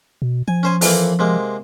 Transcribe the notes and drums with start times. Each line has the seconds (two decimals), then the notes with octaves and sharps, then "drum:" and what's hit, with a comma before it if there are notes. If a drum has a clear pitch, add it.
0.22 B2
0.48 F3 G#5
0.63 C#4 C5 G#5
0.81 F2 E3 A#3, drum: open hi-hat
1.19 C3 G#3 A#3